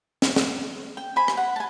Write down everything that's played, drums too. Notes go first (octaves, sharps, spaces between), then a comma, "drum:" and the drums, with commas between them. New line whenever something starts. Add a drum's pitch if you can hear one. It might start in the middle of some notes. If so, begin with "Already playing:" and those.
drum: snare
drum: snare
G5
C5 G#5 B5
drum: rim click
F#5
G#5 A5